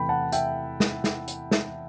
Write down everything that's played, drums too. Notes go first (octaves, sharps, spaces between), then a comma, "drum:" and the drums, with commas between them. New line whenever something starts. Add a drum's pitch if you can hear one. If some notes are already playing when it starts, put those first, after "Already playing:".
Already playing: E2 C3 E3 A3 G5 B5
F#5 A5
E5 G5, drum: hi-hat
drum: snare
drum: snare
drum: hi-hat
drum: snare